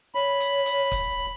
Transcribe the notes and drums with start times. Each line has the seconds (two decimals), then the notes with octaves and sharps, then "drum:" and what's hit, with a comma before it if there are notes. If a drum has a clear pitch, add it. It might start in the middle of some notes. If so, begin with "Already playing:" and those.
0.15 C#5 B5
0.40 drum: hi-hat
0.66 drum: hi-hat
0.92 drum: kick, hi-hat